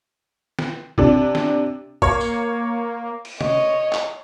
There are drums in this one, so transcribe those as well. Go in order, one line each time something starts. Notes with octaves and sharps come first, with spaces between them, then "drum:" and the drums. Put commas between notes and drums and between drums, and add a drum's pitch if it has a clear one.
drum: snare
C3 D4, drum: kick
drum: snare
A#3 C#5, drum: kick
drum: tambourine
drum: cymbal
C#5 D#5, drum: tom C3
drum: clap